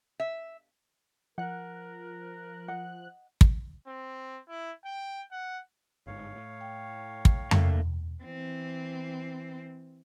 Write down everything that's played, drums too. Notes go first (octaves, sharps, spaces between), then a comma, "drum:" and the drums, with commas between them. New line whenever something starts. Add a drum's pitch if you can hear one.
E5
F3 A#4 F#5 F#6
D#5 F#5
drum: kick
C4
E4
G5
F#5
G1 G#2 C#5 F5
A2
G5
drum: kick
D3 A3 A#3, drum: tom F2
E3 C4